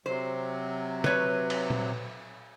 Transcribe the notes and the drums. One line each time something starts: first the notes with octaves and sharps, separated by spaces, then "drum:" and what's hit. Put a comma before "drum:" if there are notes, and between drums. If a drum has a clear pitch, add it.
C3 F#3 C5
B4 C#5, drum: snare
drum: cymbal
drum: tom A#2